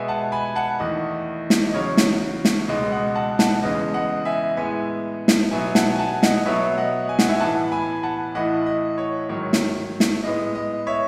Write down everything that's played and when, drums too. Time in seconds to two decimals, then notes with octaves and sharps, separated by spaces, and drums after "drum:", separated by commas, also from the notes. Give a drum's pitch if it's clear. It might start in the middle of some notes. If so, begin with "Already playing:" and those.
Already playing: B2 G#3 B3 E5 G#5
0.08 F#5 A5
0.32 G#5 B5
0.56 F#5 A5
0.79 E2 D#3 A3 D#5
1.50 drum: snare
1.69 D#5
1.74 E2 C#3 F#3 C#5
1.97 drum: snare
2.45 drum: snare
2.68 C#2 B2 G#3 D#5
2.92 D#5 F#5
3.15 F#5 A5
3.39 F#5 A5, drum: snare
3.63 E2 C#3 G#3 B3 D#5
3.94 D#5 F#5
4.25 E5 G#5
4.57 A2 G#3 B3 E5 G#5
5.28 drum: snare
5.51 B2 F#3 B3 E5 G#5
5.75 F#5 A5, drum: snare
5.95 G#5
5.99 F#5 A5
6.23 D#5 F#5, drum: snare
6.45 B2 F#3 B3 C#5 E5
6.78 D#5 F#5
7.09 G#5
7.19 F#5, drum: snare
7.29 E5 G#5
7.40 A2 E3 B3 F#5 A5
7.72 G#5 B5
8.03 F#5 A5
8.35 A2 E3 A3 D#5 F#5
8.66 D#5
8.98 C#5
9.29 G#2 D#3 F#3 C#5
9.53 drum: snare
10.00 drum: snare
10.24 A2 G#3 B3 D#5
10.55 D#5
10.87 C#5 E5